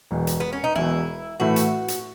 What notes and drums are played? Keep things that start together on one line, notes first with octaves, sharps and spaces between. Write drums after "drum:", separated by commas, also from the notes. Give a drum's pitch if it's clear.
E1 E2 B2
drum: hi-hat
B3
C#4
D#4
E1 E2 B2 E4
A2 E3 A3 E4 F#4
drum: hi-hat
drum: hi-hat